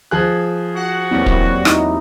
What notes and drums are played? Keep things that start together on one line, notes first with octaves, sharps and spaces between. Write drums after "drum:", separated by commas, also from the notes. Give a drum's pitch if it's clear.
F3 G#4 F#6
F#4 F#5
E2 F#3 G3 A#3 C4 E4
drum: kick
D#4 E4, drum: rim click